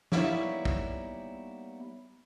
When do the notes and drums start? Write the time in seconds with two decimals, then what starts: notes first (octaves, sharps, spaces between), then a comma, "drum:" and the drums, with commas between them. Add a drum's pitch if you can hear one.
0.12 G3 A#3 B3 D#4 E4 C#5, drum: snare
0.65 drum: kick